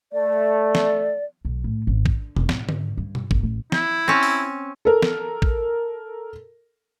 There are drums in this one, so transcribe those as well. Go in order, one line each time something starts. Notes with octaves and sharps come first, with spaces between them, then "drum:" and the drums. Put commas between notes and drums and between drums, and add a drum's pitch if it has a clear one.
A3 D5
drum: snare
B1
A2
G#1
D3, drum: kick
F1, drum: tom B2
G#2, drum: snare
drum: tom D3
G2
drum: tom B2
G1, drum: kick
A1
E4, drum: snare
C4 C#4
drum: open hi-hat
A4 A#4
drum: snare
drum: kick